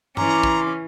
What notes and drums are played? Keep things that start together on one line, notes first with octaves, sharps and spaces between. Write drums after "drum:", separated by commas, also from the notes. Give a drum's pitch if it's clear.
E3 C#4 A#5 C6 D6, drum: tom G2
drum: kick